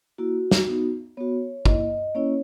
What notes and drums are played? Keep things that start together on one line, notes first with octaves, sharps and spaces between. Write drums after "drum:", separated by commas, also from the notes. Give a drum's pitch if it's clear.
A#3 E4 F#4
drum: snare
B3 D#4 F#4
B3 F#4 C#5
A#3 E4 D#5, drum: kick
A#3 C#4 E4 C#5